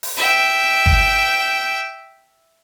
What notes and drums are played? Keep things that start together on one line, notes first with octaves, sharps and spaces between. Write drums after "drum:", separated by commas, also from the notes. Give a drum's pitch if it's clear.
drum: open hi-hat
E5 G5
drum: kick